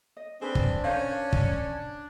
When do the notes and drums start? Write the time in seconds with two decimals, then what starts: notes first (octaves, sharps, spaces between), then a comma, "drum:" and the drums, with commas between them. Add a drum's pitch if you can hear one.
0.17 D#5
0.41 C4 D4 G#4 B4
0.55 drum: kick
0.84 C#4 A#4 C5 F5
1.33 drum: kick